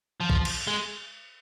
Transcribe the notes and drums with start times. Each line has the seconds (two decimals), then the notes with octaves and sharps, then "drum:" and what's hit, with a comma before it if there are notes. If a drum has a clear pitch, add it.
0.21 F3
0.30 drum: kick
0.45 drum: cymbal
0.67 G#3